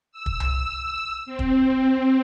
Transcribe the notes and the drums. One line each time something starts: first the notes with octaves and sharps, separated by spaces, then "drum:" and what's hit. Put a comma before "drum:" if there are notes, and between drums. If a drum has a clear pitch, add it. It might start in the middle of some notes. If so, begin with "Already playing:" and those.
E6
drum: kick
drum: tom C2
C4
drum: kick